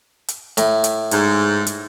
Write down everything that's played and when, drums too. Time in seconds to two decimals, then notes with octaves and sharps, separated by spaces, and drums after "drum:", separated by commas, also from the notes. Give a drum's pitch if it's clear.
0.28 drum: hi-hat
0.57 A2, drum: hi-hat
0.84 drum: hi-hat
1.11 G#2, drum: hi-hat
1.67 drum: hi-hat